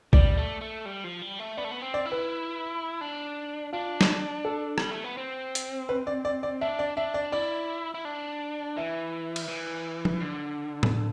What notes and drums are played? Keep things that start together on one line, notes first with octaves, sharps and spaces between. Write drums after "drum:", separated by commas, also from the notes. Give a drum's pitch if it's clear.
G3 D5, drum: kick
A3
A3
G3
F3
G3
A3
B3 D5
A3
B3
C4
D5
E4
B4
D4
D4 F4
drum: snare
A4
G3, drum: rim click
A3
B3
C4
drum: hi-hat
B4
D5
D5
D5
D4 E5
D5
D4 E5
D5
E4 D5
E4
D4
E3 E5
drum: cymbal
E3
drum: tom F3
D3
drum: tom A2